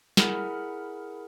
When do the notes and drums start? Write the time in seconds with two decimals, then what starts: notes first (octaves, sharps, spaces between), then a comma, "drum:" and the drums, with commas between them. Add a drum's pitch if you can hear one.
0.17 E4 G#4 A#4 F#5 B5 F6, drum: snare